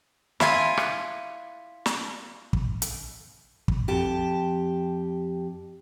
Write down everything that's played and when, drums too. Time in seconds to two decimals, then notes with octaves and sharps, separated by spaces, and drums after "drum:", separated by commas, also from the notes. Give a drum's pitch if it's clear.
0.40 E4 F4 G#5, drum: snare
0.77 drum: rim click
1.86 drum: snare
2.53 drum: kick
2.82 drum: hi-hat
3.68 drum: kick
3.88 F2 G4 A5